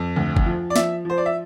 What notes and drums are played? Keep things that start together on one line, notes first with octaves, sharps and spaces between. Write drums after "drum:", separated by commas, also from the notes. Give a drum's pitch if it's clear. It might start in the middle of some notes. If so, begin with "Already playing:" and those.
Already playing: F2
D2
drum: kick G1
F3
D5
F3 E5, drum: snare
F3 C5
D5
E5